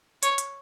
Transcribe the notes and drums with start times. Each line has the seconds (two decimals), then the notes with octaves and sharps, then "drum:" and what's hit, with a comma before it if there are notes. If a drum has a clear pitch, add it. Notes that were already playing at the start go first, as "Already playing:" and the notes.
0.23 C#5, drum: hi-hat
0.38 drum: hi-hat